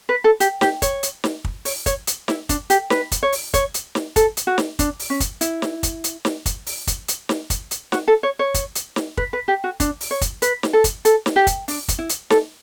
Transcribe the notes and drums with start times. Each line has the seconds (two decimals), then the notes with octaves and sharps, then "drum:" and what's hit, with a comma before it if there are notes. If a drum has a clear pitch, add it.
0.09 B4
0.24 A4
0.40 G4, drum: hi-hat
0.61 G4, drum: snare
0.82 C#5, drum: kick, hi-hat
1.03 drum: hi-hat
1.24 drum: snare
1.45 drum: kick
1.65 C#5, drum: open hi-hat
1.86 C#5, drum: kick, hi-hat
2.07 drum: hi-hat
2.28 E4, drum: snare
2.49 D4, drum: kick, hi-hat
2.70 G4, drum: hi-hat
2.90 B4, drum: snare
3.12 drum: kick, hi-hat
3.23 C#5
3.32 drum: open hi-hat
3.54 C#5, drum: kick, hi-hat
3.74 drum: hi-hat
3.95 drum: snare
4.16 A4, drum: kick, hi-hat
4.37 drum: hi-hat
4.47 F#4
4.58 drum: snare
4.79 D4, drum: kick, hi-hat
4.99 drum: open hi-hat
5.10 C#4
5.20 drum: kick, hi-hat
5.41 E4, drum: hi-hat
5.62 drum: snare
5.83 drum: kick, hi-hat
6.04 drum: hi-hat
6.25 drum: snare
6.46 drum: kick, hi-hat
6.66 drum: open hi-hat
6.87 drum: kick, hi-hat
7.08 drum: hi-hat
7.29 drum: snare
7.50 drum: kick, hi-hat
7.71 drum: hi-hat
7.92 F#4, drum: snare
8.08 A4
8.23 C#5
8.39 C#5
8.54 drum: kick, hi-hat
8.75 drum: hi-hat
8.96 drum: snare
9.17 B4, drum: kick
9.33 B4
9.48 G4
9.64 F#4
9.80 D4, drum: kick, hi-hat
10.01 drum: open hi-hat
10.11 C#5
10.21 drum: kick, hi-hat
10.42 B4, drum: hi-hat
10.63 drum: snare
10.73 A4
10.84 drum: kick, hi-hat
11.05 A4, drum: hi-hat
11.26 drum: snare
11.36 G4
11.47 drum: kick, hi-hat
11.68 D4, drum: open hi-hat
11.88 drum: kick, hi-hat
11.99 E4
12.09 drum: hi-hat
12.30 A4, drum: snare